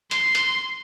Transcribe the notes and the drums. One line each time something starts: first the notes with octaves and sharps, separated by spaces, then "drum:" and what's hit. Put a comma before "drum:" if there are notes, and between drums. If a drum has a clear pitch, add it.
C6, drum: hi-hat
drum: hi-hat